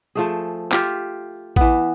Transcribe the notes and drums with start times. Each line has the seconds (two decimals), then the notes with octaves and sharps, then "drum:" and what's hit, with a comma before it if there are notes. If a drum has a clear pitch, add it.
0.15 F3 A3 G#4
0.72 F4 G4 E5 F5, drum: clap
1.56 E3 B3, drum: kick A1